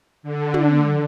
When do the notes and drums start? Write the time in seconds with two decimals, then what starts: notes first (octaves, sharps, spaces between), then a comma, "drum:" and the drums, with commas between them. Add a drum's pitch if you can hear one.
0.23 D3
0.54 drum: tom